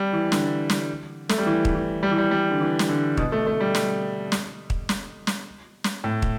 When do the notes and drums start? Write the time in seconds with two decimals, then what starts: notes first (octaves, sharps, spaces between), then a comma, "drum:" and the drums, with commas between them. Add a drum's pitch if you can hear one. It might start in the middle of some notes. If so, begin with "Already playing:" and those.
Already playing: G3
0.13 E3
0.32 D3, drum: snare
0.70 drum: snare
1.29 A3, drum: snare
1.38 G3
1.46 E3
1.65 drum: kick
1.75 E3
2.03 G3
2.11 E3
2.18 G3
2.31 G3
2.51 D3
2.60 E3
2.79 drum: snare
2.89 D3
3.17 B2, drum: kick
3.32 A3
3.47 A3
3.60 G3
3.75 drum: snare
4.32 drum: snare
4.70 drum: kick
4.89 drum: snare
5.27 drum: snare
5.84 drum: snare
6.04 A2
6.22 drum: kick